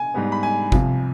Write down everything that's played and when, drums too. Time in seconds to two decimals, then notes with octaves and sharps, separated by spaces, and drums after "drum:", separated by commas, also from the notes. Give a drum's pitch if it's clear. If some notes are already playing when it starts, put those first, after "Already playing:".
Already playing: G#5
0.14 G#2 G3 B3
0.32 B5
0.43 G#5
0.72 C2 C3 F3, drum: kick G1